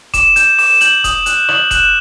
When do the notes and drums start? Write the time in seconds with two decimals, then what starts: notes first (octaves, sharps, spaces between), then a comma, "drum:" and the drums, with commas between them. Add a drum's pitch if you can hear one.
0.14 D6 E7, drum: kick E1, hi-hat
0.36 G6 E7, drum: hi-hat
0.59 D6 E7, drum: open hi-hat
0.70 E7
0.81 G6 F#7, drum: hi-hat
1.04 D#6, drum: kick E1, hi-hat
1.26 F#6, drum: hi-hat
1.49 D#6 F#7, drum: rim click
1.71 F#6 E7, drum: kick E1, hi-hat